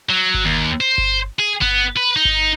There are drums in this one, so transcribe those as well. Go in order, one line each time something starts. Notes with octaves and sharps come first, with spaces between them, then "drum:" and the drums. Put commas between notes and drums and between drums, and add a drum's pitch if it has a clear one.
F#3
drum: kick G1
D#2
C5
drum: kick G1
G#4
B3, drum: kick G1
B4
D#4
drum: kick G1